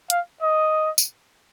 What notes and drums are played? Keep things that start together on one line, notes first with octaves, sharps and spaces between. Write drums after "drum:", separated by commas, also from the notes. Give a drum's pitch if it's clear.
F5, drum: hi-hat
D#5
drum: tambourine